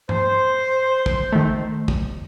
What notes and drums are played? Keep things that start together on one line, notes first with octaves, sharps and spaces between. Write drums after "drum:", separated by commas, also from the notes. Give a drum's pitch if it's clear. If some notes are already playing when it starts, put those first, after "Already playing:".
C5, drum: tom G2
drum: kick
D#3 A3
drum: kick